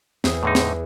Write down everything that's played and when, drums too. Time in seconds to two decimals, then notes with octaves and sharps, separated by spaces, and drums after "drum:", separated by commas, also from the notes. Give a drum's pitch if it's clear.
0.24 E2 G#4, drum: snare
0.43 A2 D3 D#4
0.55 drum: snare